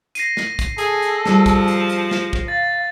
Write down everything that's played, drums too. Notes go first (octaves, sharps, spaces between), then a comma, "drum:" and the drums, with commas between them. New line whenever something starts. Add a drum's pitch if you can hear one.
A#6 C7 D#7, drum: hi-hat
drum: snare
drum: kick, hi-hat
G#4 A4, drum: hi-hat
drum: hi-hat
F3 G3 G#4, drum: snare
drum: kick, hi-hat
drum: hi-hat
drum: hi-hat
drum: snare
drum: kick
F5 A6